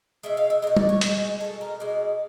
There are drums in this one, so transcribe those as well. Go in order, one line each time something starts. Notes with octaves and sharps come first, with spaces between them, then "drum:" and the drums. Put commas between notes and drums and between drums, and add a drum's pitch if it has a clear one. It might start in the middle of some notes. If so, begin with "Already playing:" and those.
B2 G#3 E5
F5
E5
B2 G#3 D#5
D5, drum: tom G3
C#5
B2 G#3 C5, drum: hi-hat
B2 G#3 A4
A#4
B2 G#3 D5